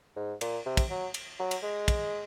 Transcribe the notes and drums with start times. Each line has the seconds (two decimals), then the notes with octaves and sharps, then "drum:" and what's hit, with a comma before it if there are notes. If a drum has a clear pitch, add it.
0.16 G#2
0.41 A#2, drum: cymbal
0.66 C3
0.77 drum: kick, cymbal
0.90 F#3
1.14 drum: cymbal
1.39 F#3
1.51 drum: cymbal
1.63 G#3
1.88 drum: kick, cymbal